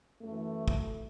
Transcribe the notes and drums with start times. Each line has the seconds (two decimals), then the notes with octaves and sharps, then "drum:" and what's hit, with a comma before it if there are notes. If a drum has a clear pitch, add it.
0.22 F#2 E3 A3
0.68 drum: kick